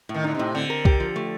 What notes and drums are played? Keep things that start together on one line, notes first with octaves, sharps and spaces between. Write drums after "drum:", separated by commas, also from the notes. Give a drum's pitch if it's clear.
A2
D#3
D3 D#4
A2 C3
D3 C4
A#4
G4, drum: kick
F3
A3